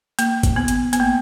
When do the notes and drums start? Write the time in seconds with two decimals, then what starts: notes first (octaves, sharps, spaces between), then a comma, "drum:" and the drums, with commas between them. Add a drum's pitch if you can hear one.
0.19 A#3, drum: hi-hat
0.43 drum: kick G1, hi-hat
0.56 B3
0.68 drum: hi-hat
0.93 B3, drum: hi-hat
1.00 A#3